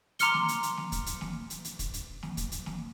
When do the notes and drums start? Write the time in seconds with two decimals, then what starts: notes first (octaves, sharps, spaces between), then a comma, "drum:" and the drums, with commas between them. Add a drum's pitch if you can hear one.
0.19 A#5 C6 D6 F6 C#7 G7, drum: hi-hat
0.34 drum: snare
0.48 drum: hi-hat
0.63 drum: hi-hat
0.77 drum: snare
0.92 drum: kick, hi-hat
1.06 drum: hi-hat
1.21 drum: snare
1.50 drum: hi-hat
1.65 drum: hi-hat
1.79 drum: kick, hi-hat
1.94 drum: hi-hat
2.23 drum: snare
2.37 drum: kick, hi-hat
2.52 drum: hi-hat
2.66 drum: snare